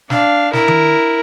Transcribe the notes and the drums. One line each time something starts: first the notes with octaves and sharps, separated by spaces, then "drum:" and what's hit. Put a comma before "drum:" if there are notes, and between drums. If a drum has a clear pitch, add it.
D4 F5, drum: snare
E4 A#4, drum: snare
drum: tom D#3